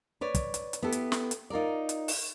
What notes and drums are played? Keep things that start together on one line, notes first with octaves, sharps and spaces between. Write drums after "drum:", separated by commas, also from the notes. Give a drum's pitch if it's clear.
B4 C#5 D5
drum: kick, hi-hat
drum: hi-hat
drum: hi-hat
B3 E4 G4 A4
drum: hi-hat
drum: snare
drum: hi-hat
D#4 F4 A#4 D5
drum: hi-hat
drum: open hi-hat